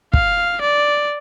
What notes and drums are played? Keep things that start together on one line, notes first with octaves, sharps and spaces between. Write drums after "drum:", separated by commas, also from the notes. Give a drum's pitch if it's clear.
F5, drum: kick
D5